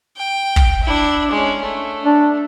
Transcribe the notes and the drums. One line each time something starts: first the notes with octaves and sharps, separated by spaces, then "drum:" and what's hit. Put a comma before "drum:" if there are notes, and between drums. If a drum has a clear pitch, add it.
G5
drum: kick
D4 E4
G#3 C#4
A3
D4